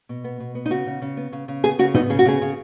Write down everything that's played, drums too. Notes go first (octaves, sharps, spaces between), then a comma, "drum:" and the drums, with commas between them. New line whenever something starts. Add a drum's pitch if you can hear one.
B2
B3
B2
B3
D#4
C#3 F#4
C#3
C#3
B3
C#3
C#3
B3 G#4
C#3 F#4
B3 D#4, drum: tom
C#3 G#4
F#4
C#3 G#4
C#3